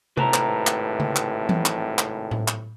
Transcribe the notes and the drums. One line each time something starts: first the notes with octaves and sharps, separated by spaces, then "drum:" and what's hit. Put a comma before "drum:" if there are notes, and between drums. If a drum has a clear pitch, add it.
G#1 A2 C3 B4 A5 A#5, drum: tom C3
drum: clap
drum: clap
drum: tom C#3
drum: clap
drum: tom E3
drum: clap
drum: clap
drum: tom A2
drum: clap